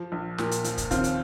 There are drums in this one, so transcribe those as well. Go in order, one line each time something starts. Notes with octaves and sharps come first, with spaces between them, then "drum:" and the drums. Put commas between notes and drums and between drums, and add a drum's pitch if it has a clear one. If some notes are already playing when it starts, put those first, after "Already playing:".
Already playing: F3
A#1
A#2, drum: snare
drum: hi-hat
F3, drum: hi-hat
drum: kick, hi-hat
D#2 C4 F4, drum: kick, hi-hat
drum: hi-hat